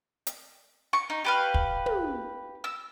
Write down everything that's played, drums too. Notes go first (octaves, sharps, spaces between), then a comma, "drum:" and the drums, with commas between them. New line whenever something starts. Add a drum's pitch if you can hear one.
drum: hi-hat
C#6
D#4
G4 B4 F5
drum: kick
drum: tom
E6